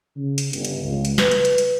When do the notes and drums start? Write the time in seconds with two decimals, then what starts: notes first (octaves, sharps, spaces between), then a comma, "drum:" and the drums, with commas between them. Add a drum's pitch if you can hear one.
0.16 C#3
0.38 drum: hi-hat
0.53 G1, drum: hi-hat
0.65 drum: hi-hat
0.83 C#2
1.05 drum: hi-hat
1.18 B4, drum: snare
1.31 drum: hi-hat
1.45 drum: hi-hat
1.58 drum: hi-hat